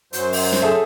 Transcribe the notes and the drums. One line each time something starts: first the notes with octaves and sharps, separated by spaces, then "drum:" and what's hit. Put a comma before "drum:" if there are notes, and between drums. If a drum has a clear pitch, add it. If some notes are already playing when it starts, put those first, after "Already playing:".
F#2 F#3 C5, drum: hi-hat
drum: open hi-hat
drum: snare
G#4 A4 E5